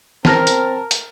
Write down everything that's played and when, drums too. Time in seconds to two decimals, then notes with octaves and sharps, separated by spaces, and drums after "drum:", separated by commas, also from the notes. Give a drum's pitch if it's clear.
0.25 C4 A#4 A5 F6 A#6, drum: snare
0.47 drum: hi-hat
0.91 drum: hi-hat